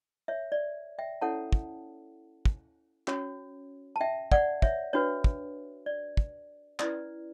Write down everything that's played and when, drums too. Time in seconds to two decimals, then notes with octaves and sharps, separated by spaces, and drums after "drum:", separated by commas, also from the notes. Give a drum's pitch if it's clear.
0.28 C#5 E5
0.52 D5
0.99 E5 G5
1.21 C#4 E4 A4 C#5 F#5 A5
1.53 drum: kick
2.45 drum: kick
3.08 C#4 F#4 C#5, drum: clap
3.96 A5
4.01 E5 G5
4.32 D5 F#5, drum: kick
4.62 C#5 E5, drum: kick
4.93 D4 F#4 B4 C#5
5.24 drum: kick
5.86 D5
6.17 drum: kick
6.80 C#4 E4 B4 D5, drum: clap